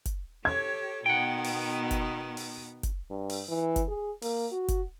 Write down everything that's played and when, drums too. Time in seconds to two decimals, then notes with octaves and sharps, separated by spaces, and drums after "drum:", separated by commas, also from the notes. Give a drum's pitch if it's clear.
0.05 drum: kick, hi-hat
0.45 G4 A4 C#5 G#6
1.06 B2 D#3 B3 F#5 G5
1.44 drum: open hi-hat
1.91 drum: kick, hi-hat
2.37 drum: open hi-hat
2.83 drum: kick, hi-hat
3.10 G2
3.30 drum: open hi-hat
3.49 E3
3.76 drum: kick, hi-hat
3.88 G#4
4.22 A#3, drum: open hi-hat
4.52 F#4
4.68 drum: kick, hi-hat